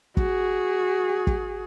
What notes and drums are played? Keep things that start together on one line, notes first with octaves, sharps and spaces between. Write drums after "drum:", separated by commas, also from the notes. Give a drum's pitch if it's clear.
F#4 G#4, drum: kick
drum: kick